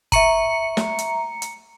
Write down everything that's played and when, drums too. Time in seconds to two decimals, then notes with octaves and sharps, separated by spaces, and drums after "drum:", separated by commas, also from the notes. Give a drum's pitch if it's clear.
0.12 E5 A#5 C#6 C#7 F#7, drum: kick G1, hi-hat
0.77 drum: snare
0.99 drum: hi-hat
1.42 drum: hi-hat